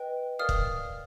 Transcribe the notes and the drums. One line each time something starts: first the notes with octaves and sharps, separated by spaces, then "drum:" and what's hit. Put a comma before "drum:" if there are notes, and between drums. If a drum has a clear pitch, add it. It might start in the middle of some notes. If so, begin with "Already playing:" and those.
Already playing: B4 D#5 G5
A#4 D5 F5 D#6 F6
drum: kick